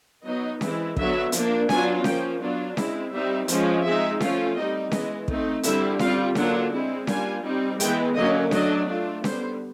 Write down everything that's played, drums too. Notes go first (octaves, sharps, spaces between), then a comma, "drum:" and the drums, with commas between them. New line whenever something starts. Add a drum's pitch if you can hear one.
F#3 B3 D#4 D#5
E3 G#3 C4 E4, drum: snare C#4
D3 F#3 B3 E5, drum: kick
F3 A#3 D4, drum: hi-hat
F#3 B3 D4 F4 G#5, drum: snare C#4
F3 A#3 C#4 G5, drum: snare C#4
F#3 B3 D4 F4
G#3 C4 E4, drum: snare C#4
G3 C4 D#4 E5
F3 G#3 C#4, drum: hi-hat
G#3 C4 D#4 E5
F3 A3 C#4 F4, drum: snare C#4
G3 C4 D#4 D#5
E3 G#3 B3 D#5, drum: snare C#4
A3 C4 D#4, drum: kick
D3 G3 C4 E4 E5, drum: hi-hat
G3 C4 F4 F5, drum: snare C#4
D3 F#3 A#3 D4 F4 F#5, drum: snare C#4
G#3 C4 E4
G3 A#3 D4 F4 G#5, drum: snare C#4
G3 C4 D#4
E3 G#3 B3 G5, drum: hi-hat
D3 F#3 A#3 C#4 D#5
F#3 A3 D4 D#5, drum: snare C#4
A3 D4 F4
D3 G3 B3 C5, drum: snare C#4